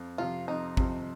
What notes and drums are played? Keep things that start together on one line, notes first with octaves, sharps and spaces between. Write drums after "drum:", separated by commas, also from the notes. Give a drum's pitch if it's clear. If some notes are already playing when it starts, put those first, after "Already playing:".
Already playing: F2
C3 F3 F4
F2 D#4
C3 F3, drum: kick